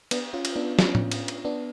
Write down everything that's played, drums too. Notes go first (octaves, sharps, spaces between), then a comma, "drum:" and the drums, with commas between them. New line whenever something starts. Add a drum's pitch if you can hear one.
B3 D4, drum: cymbal
C#4 F4
drum: cymbal
B3 D4
C#4 F4, drum: snare
drum: tom A2
drum: cymbal
drum: cymbal
B3 D4